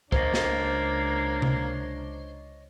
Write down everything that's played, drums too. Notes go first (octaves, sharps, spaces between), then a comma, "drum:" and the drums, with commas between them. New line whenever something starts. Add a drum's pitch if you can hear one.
C#2 A#3 D4 C5 C#5 D#5, drum: kick
drum: snare
drum: tom C3